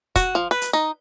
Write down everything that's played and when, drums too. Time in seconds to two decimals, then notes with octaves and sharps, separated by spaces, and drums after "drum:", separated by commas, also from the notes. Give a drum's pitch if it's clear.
0.16 F#4, drum: kick, hi-hat
0.35 F3
0.51 B4
0.62 drum: hi-hat
0.73 D#4